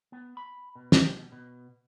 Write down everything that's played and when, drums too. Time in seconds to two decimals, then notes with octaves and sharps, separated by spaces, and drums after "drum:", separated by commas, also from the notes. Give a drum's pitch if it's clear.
0.12 B3
0.37 B5
0.75 B2
0.92 G5, drum: snare
1.13 B2
1.32 B2